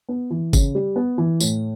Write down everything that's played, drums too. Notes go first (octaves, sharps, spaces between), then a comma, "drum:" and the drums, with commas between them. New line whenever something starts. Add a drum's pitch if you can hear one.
B3
E3
C#3, drum: kick G1, tambourine
G3
B3
E3
A2, drum: tambourine